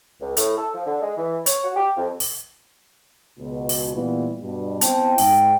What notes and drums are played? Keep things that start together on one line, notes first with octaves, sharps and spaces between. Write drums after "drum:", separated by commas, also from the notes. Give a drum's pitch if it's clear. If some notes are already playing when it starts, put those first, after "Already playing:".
C#2
A2, drum: hi-hat
A4
F3
D3
G#3
E3
C#5, drum: hi-hat
F#4
G4
F2
drum: open hi-hat
C#2 B2
drum: open hi-hat
A#2 E3 G3 B3 E4 F4
G2 B2
B3 C4 E4 G5 A5, drum: hi-hat
G#2 G5, drum: open hi-hat